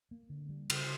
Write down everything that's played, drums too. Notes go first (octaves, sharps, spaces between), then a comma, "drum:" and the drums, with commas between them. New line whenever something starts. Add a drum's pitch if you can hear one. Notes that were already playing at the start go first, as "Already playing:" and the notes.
A#3
D3
G3
C#3, drum: cymbal